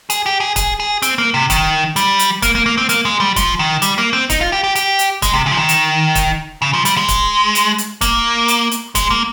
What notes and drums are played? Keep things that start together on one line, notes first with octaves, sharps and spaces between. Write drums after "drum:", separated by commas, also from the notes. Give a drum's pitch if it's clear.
G#4, drum: hi-hat
G4
G#4
G#4, drum: kick, hi-hat
G#4
C4, drum: hi-hat
A#3
C3
D#3, drum: kick, hi-hat
G3, drum: hi-hat
drum: hi-hat
A#3, drum: kick, hi-hat
A#3
A#3
C4
A#3, drum: hi-hat
G#3
G3
F3, drum: kick, hi-hat
D#3
G3, drum: hi-hat
A#3
C4
D#4, drum: kick, hi-hat
F4
G4
G4
G4, drum: hi-hat
drum: hi-hat
G#3, drum: kick, hi-hat
C3
C#3
F3
D#3
drum: hi-hat
drum: kick, hi-hat
C#3
F3
G3, drum: hi-hat
G#3
drum: kick, hi-hat
drum: hi-hat
drum: hi-hat
A#3, drum: kick, hi-hat
drum: hi-hat
drum: hi-hat
G#3, drum: kick, hi-hat
A#3